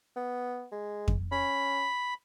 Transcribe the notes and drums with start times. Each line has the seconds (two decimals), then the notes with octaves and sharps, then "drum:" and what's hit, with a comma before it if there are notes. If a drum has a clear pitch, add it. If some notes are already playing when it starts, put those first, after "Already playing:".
0.16 B3
0.72 G#3
1.08 drum: kick F2
1.32 C#4 B5